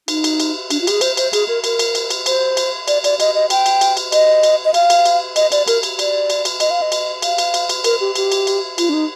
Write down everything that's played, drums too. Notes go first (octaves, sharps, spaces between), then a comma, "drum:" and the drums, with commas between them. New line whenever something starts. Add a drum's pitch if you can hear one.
D#4, drum: cymbal
drum: cymbal
drum: cymbal
D4, drum: cymbal
F4
G4, drum: cymbal
G#4
C5, drum: cymbal
C5, drum: cymbal
G#4, drum: cymbal
A#4
A#4, drum: cymbal
drum: cymbal
drum: cymbal
drum: cymbal
C5, drum: cymbal
drum: cymbal
D5, drum: cymbal
D5, drum: cymbal
D#5, drum: cymbal
D#5
G5, drum: cymbal
drum: cymbal
drum: cymbal
drum: cymbal
D#5, drum: cymbal
drum: cymbal
D#5
F5, drum: cymbal
drum: cymbal
drum: cymbal
D#5, drum: cymbal
D5, drum: cymbal
A#4, drum: cymbal
drum: cymbal
D5, drum: cymbal
drum: cymbal
drum: cymbal
D#5, drum: cymbal
F5
D#5
drum: cymbal
F5, drum: cymbal
drum: cymbal
drum: cymbal
drum: cymbal
A#4, drum: cymbal
G4
G4, drum: cymbal
drum: cymbal
drum: cymbal
F4, drum: cymbal
D4
D#4